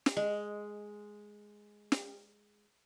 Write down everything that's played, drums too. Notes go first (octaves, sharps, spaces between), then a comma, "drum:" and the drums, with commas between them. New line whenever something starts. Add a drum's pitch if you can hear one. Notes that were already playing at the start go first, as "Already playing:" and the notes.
drum: snare
G#3 D#5
drum: snare